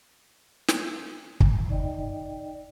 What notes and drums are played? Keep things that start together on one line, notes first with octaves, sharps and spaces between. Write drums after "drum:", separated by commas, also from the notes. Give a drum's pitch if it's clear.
drum: snare
drum: kick
D#4 D5 D#5 G5